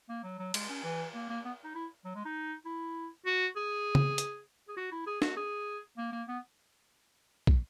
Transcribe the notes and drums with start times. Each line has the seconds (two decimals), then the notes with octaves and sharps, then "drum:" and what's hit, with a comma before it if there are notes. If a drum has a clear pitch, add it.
0.09 A#3
0.24 F#3
0.39 F#3
0.54 G#3, drum: cymbal
0.69 C#4
0.84 E3
1.14 A#3
1.29 A#3
1.45 B3
1.64 D#4
1.75 E4
2.05 F#3
2.15 G#3
2.25 D#4
2.65 E4
3.26 F#4
3.56 G#4
3.95 drum: tom
4.18 drum: hi-hat
4.68 G#4
4.77 F#4
4.92 E4
5.07 G#4
5.22 F#4, drum: snare
5.37 G#4
5.97 A#3
6.12 A#3
6.28 B3
7.47 drum: kick